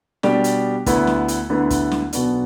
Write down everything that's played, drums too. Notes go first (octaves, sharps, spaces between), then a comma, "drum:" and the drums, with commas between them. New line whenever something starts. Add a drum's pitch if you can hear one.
B2 G3 D4 G4 D5, drum: snare
drum: hi-hat
D2 D3 B3 E4 B4, drum: kick, hi-hat
drum: snare
drum: hi-hat
D2 D3 B3 E4 B4
drum: kick, hi-hat
drum: snare
B1 B2 B3 D4, drum: hi-hat